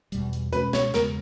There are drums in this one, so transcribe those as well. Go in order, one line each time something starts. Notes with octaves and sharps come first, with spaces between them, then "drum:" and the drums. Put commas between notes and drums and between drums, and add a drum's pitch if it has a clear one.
E2 B2 G3, drum: hi-hat
drum: hi-hat
B2 G#3 C#4 B4, drum: hi-hat
C#5, drum: snare
E2 C#3 G#3 B3 A#4, drum: snare